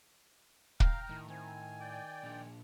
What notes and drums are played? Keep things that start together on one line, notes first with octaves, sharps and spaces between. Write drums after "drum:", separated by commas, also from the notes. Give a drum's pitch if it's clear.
F5 G5 A#5 F6, drum: kick
A2 D#3
D#3 C4 G#5
D5 G5
A#2 D4